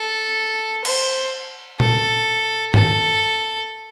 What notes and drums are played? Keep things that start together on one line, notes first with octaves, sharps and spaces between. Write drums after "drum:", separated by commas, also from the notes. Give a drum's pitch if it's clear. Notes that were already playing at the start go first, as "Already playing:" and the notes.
Already playing: A4
C5, drum: cymbal
A4, drum: tom A#2
A4, drum: tom G2